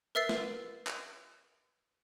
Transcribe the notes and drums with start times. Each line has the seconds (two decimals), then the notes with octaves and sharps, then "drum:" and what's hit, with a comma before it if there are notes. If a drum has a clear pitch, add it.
0.15 A#4 B4 E5 E6 A6 C7
0.29 drum: snare
0.87 drum: clap